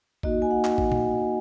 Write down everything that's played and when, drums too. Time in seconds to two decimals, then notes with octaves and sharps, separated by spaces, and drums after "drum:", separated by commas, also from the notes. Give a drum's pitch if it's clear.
0.23 A#3 D#4 F#4 D#5, drum: kick A1
0.42 G#5
0.51 F#5
0.64 drum: clap
0.78 drum: kick A1
0.92 drum: tom A#2